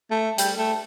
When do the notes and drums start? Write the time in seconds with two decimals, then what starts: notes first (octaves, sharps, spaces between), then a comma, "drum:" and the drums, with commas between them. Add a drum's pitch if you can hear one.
0.11 A3
0.38 G3, drum: hi-hat
0.58 A3